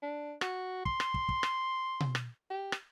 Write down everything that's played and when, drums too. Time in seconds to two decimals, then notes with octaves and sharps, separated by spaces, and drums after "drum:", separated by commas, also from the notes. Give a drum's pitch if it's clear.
0.02 D4
0.41 F#4, drum: rim click
0.85 C6, drum: kick
1.00 drum: rim click
1.14 drum: kick
1.29 drum: kick
1.43 drum: rim click
2.00 drum: tom B2
2.15 drum: rim click
2.50 G4
2.72 drum: rim click